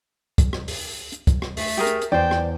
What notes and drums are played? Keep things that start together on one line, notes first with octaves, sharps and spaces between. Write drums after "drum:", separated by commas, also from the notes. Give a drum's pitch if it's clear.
drum: kick, hi-hat
drum: rim click
drum: open hi-hat
drum: hi-hat
drum: kick, hi-hat
drum: rim click
A3, drum: open hi-hat
G4 G#4 A#4
drum: hi-hat
drum: hi-hat
E2 C5 D5 G5
drum: rim click